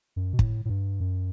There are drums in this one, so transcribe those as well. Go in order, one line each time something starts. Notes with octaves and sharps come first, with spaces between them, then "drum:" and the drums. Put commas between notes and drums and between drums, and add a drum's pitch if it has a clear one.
F#2
B2
A2, drum: kick
A2
G2
F#2